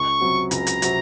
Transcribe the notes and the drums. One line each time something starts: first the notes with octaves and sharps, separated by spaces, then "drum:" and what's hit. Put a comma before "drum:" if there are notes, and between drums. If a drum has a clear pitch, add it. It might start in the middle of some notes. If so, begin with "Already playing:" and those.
Already playing: C#2 C#6
C3 F#3 C4 F#4
C#2 A#5, drum: hi-hat
drum: hi-hat
C3 F#3 C4 F#4, drum: hi-hat